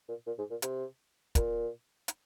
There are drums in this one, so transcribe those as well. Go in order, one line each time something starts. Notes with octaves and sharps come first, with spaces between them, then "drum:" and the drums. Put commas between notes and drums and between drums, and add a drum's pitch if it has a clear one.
A#2
A#2
G#2
A#2
C3, drum: hi-hat
A#2, drum: kick, hi-hat
drum: hi-hat